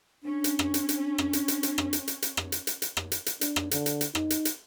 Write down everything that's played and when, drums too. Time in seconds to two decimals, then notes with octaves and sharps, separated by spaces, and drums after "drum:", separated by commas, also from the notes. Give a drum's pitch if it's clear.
0.23 C#4 D4
0.44 drum: hi-hat
0.59 drum: rim click
0.74 drum: hi-hat
0.89 drum: hi-hat
1.18 drum: rim click
1.33 drum: hi-hat
1.48 drum: hi-hat
1.63 drum: hi-hat
1.78 drum: rim click
1.93 drum: hi-hat
2.08 drum: hi-hat
2.22 drum: hi-hat
2.37 drum: rim click
2.52 drum: hi-hat
2.67 drum: hi-hat
2.82 drum: hi-hat
2.97 drum: rim click
3.12 drum: hi-hat
3.26 drum: hi-hat
3.41 D4, drum: hi-hat
3.56 drum: rim click
3.71 D3, drum: hi-hat
3.86 drum: hi-hat
4.01 drum: hi-hat
4.15 D#4, drum: rim click
4.30 drum: hi-hat
4.45 drum: hi-hat